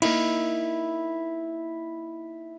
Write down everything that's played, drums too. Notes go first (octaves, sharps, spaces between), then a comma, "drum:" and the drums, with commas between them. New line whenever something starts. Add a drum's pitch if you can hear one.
A#3 D#4 E4, drum: cymbal